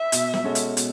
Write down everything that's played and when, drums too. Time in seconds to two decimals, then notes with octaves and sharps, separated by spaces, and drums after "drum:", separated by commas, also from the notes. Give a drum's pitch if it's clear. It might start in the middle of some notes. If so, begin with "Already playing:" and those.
Already playing: E5
0.12 B2, drum: hi-hat
0.34 drum: snare
0.44 G#3 C#4 F#4 A4
0.55 drum: hi-hat
0.77 B2, drum: hi-hat